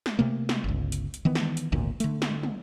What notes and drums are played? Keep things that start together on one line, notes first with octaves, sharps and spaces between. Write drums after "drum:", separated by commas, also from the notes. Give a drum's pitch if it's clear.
drum: snare
C3 A3 A#3
drum: snare
G1 C#2
drum: hi-hat
drum: hi-hat
D#3 E3 B3
drum: snare
drum: hi-hat
G#1 D2 A#2
D3 A3, drum: hi-hat
drum: snare
drum: tom